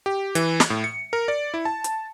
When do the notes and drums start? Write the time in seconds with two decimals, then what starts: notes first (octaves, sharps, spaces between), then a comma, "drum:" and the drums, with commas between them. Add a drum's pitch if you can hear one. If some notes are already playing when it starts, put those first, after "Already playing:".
0.06 G4
0.35 E3, drum: hi-hat
0.60 drum: snare
0.70 A2
0.84 C#7
1.13 A#4
1.28 D5
1.54 E4
1.65 A5
1.84 drum: hi-hat